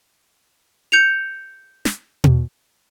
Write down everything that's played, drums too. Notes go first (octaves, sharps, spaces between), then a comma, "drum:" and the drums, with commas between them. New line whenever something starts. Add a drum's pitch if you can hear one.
G6 C#7 F7
drum: snare
drum: tom B2